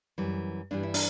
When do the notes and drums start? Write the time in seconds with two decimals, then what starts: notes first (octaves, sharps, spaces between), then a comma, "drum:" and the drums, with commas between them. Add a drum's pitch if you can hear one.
0.18 F#2 E3 G3
0.71 G2 E3 G3 D4
0.83 E4
0.94 D4, drum: open hi-hat